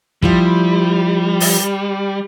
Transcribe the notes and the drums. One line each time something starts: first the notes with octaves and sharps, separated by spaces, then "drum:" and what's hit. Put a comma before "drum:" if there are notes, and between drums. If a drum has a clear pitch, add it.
F3 G3 E4 C5, drum: kick
drum: open hi-hat